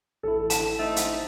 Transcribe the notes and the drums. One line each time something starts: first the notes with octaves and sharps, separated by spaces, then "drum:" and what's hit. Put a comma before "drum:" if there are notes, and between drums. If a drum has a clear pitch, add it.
A1 E4 A4
A5, drum: hi-hat
A3 C4 D#4
drum: hi-hat